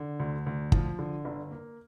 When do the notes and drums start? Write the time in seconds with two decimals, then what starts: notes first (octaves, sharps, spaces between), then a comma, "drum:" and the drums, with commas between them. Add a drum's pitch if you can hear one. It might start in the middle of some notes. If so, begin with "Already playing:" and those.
Already playing: D3
0.20 D2
0.46 D2
0.72 F3, drum: kick
0.99 D3
1.25 G1
1.51 A#3